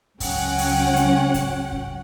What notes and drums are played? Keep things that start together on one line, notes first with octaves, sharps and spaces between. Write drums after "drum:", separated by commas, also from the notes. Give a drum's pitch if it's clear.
C#2 F#3 C#4 F#5 G5, drum: kick, open hi-hat
drum: open hi-hat
drum: hi-hat
drum: kick, hi-hat
drum: kick